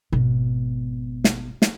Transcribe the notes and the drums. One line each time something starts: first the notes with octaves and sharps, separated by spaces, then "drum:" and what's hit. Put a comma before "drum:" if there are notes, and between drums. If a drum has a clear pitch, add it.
G#1 B2
drum: snare
drum: snare